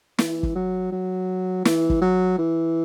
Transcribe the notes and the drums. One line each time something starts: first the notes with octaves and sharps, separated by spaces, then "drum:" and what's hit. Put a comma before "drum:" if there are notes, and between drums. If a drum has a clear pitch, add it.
E3, drum: snare
drum: kick
F#3
F#3
E3, drum: snare
drum: kick
F#3
E3